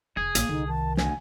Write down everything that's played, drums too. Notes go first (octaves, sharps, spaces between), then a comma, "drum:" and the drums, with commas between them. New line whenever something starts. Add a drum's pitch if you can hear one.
F1 G#4
A1 A#3, drum: hi-hat
C2 D3 D#4
D#3 A5
D2 G#5, drum: snare